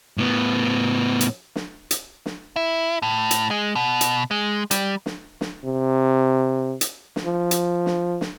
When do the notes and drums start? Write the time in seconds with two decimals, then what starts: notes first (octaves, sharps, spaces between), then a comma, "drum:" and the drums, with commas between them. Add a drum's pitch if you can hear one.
0.18 A2 B3
1.21 drum: hi-hat
1.56 drum: snare
1.91 drum: hi-hat
2.26 drum: snare
2.56 E4
3.02 A2
3.31 drum: hi-hat
3.51 G#3
3.75 B2
4.01 drum: hi-hat
4.31 G#3
4.71 G3, drum: hi-hat
5.06 drum: snare
5.41 drum: snare
5.65 C3
6.81 drum: hi-hat
7.16 drum: snare
7.25 F3
7.51 drum: hi-hat
7.86 drum: snare
8.21 drum: snare